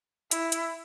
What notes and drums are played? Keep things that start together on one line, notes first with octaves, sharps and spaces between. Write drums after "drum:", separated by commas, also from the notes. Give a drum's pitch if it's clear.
E4, drum: hi-hat
drum: hi-hat